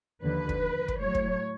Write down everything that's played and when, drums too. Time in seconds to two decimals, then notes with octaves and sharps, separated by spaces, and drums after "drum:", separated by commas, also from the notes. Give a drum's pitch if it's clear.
0.23 D#2 D3 F3 B4
0.49 drum: kick
0.88 drum: kick
1.01 A2 F#3 C#5
1.15 drum: kick